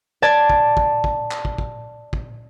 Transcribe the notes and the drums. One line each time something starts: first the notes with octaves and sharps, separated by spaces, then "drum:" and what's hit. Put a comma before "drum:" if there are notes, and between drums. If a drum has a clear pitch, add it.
D5 A5 G#6
drum: kick
drum: kick
drum: kick
drum: clap
drum: kick
drum: kick
drum: kick